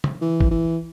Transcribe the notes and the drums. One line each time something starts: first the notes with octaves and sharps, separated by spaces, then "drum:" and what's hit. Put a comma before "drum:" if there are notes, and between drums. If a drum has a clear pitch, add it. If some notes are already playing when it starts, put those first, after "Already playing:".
drum: tom
E3
drum: kick
E3